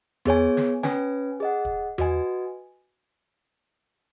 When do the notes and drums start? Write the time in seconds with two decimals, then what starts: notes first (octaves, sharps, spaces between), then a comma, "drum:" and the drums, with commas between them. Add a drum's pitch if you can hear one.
0.25 B3 G#4 C#5 G#5, drum: tom E2
0.57 drum: snare
0.83 C#4 B4 G#5, drum: snare
1.40 G#4 D#5 F#5
1.65 drum: kick
1.98 F#4 B4 D#5 G#5, drum: tom E2